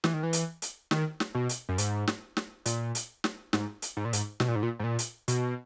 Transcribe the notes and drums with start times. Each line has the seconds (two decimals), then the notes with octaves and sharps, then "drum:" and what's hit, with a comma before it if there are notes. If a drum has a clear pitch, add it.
0.04 E3, drum: snare
0.14 D#3
0.23 E3
0.33 drum: hi-hat
0.62 drum: hi-hat
0.91 D#3, drum: snare
1.20 drum: snare
1.35 B2
1.49 drum: hi-hat
1.69 F#2
1.78 G#2, drum: hi-hat
2.07 drum: snare
2.37 drum: snare
2.66 A#2, drum: hi-hat
2.95 drum: hi-hat
3.24 drum: snare
3.53 G#2, drum: snare
3.82 drum: hi-hat
3.97 G#2
4.05 A#2
4.13 G#2, drum: hi-hat
4.40 B2, drum: snare
4.48 A#2
4.56 G#2
4.63 A#2
4.79 G#2
4.84 A#2
4.99 drum: hi-hat
5.28 B2, drum: hi-hat